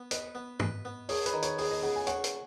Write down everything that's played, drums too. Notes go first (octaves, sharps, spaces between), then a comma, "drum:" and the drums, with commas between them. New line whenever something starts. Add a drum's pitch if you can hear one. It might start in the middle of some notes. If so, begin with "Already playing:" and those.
Already playing: B3
B4 D#5, drum: hi-hat
B3
B4, drum: tom
B3
G#4 C#5, drum: open hi-hat
B4, drum: hi-hat
D#3
C#5, drum: hi-hat
G#4 C#5, drum: open hi-hat
D#5
C#3 F#5
G#5
C#5 F#5, drum: hi-hat
drum: hi-hat